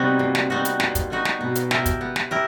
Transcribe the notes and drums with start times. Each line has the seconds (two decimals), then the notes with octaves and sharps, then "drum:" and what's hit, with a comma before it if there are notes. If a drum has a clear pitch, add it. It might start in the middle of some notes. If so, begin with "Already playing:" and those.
Already playing: C3 G3 B3 D#4 F#4
0.19 A#2
0.35 drum: snare
0.50 G3 B3 D#4 F#4
0.65 drum: hi-hat
0.80 A#2, drum: snare
0.95 drum: kick, hi-hat
1.10 G3 B3 D#4 F#4
1.25 drum: snare
1.40 B2 B3
1.55 drum: hi-hat
1.71 E4 G4 A#4, drum: snare
1.86 drum: kick, hi-hat
2.01 B3
2.16 drum: snare
2.31 E4 G4 A#4